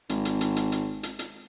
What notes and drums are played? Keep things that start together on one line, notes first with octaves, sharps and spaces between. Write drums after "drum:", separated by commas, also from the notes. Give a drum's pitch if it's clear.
G#1, drum: hi-hat
drum: hi-hat
drum: hi-hat
drum: hi-hat
drum: hi-hat
drum: hi-hat
drum: hi-hat